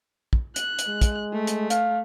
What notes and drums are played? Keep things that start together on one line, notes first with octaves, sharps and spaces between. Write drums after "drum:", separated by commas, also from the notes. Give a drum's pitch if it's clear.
drum: kick
F#6, drum: hi-hat
drum: hi-hat
G#3
drum: kick, hi-hat
A3
drum: hi-hat
F5, drum: hi-hat